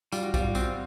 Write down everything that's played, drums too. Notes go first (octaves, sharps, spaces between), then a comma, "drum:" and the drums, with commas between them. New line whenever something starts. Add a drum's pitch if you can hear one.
G3 F4, drum: tambourine
F#4
G3 F4, drum: kick A#1, tambourine
C4 F#4, drum: tambourine